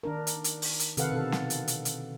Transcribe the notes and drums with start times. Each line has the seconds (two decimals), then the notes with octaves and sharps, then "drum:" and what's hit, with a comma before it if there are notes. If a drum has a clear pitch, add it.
0.03 D#3 D4 A#4
0.27 drum: hi-hat
0.44 drum: hi-hat
0.62 drum: open hi-hat
0.80 drum: hi-hat
0.97 C3 D#3 A4 B4 F5 F#5, drum: hi-hat
1.11 B2 D3 A4
1.32 drum: snare
1.50 drum: hi-hat
1.68 drum: hi-hat
1.85 drum: hi-hat